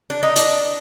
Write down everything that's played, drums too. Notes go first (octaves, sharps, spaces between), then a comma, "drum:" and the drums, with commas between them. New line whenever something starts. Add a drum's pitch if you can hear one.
D4
D#4
D4, drum: hi-hat